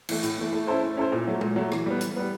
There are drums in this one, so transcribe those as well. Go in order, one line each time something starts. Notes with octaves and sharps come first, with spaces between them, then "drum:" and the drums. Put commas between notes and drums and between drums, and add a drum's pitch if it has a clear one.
E3 A3, drum: cymbal
A2, drum: hi-hat
E3 A3
A3
C#4 E4 A4 C5
A3
C#4 E4 A4 C5
A#2
F#3 A3
A#2, drum: tom G#3
F#3 A3
E3, drum: rim click
G3 B3
E3, drum: hi-hat
G3 B3